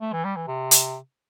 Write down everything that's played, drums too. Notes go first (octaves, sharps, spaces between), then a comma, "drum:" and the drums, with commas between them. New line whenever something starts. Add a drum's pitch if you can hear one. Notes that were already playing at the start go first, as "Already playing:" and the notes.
A3
E3
G3
E3
C3
drum: hi-hat